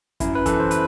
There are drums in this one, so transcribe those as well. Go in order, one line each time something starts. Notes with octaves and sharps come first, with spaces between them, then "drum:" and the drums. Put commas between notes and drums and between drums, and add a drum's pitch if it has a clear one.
F#2 E4, drum: kick, hi-hat
B4
E3 A4, drum: kick, hi-hat
C5
B4, drum: hi-hat